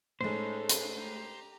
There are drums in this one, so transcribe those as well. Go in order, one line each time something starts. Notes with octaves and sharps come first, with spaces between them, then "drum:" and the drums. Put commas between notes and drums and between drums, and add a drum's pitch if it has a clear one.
A2 G#3 C#4 D#4 A4 C5
drum: hi-hat
G4 A#5